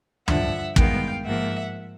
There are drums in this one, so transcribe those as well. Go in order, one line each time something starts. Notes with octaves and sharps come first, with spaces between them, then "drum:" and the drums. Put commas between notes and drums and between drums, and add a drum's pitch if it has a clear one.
G2 D3 F3 E5 F#5, drum: tom
G2 D#3 G#3 B3 F5 G5, drum: kick
G#2 F3 A#3 E5 F#5